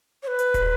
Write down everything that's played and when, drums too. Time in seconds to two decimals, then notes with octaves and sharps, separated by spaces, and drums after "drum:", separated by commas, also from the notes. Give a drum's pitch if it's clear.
0.23 C#5
0.28 B4
0.39 drum: hi-hat
0.54 drum: kick, hi-hat